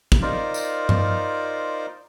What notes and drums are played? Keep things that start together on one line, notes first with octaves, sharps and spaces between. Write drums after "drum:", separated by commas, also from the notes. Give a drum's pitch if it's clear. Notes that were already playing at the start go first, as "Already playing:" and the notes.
drum: kick
D#4 F4 A#4 C5 D5
drum: tambourine
drum: tom G2